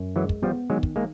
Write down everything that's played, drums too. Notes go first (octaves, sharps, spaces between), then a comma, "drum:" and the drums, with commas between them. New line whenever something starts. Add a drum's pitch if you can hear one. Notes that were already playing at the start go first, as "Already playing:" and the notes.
Already playing: F#2
E3 F#3 G#3
drum: kick
F3 G3 B3
D#3 F#3 G#3
drum: kick
G#3 A#3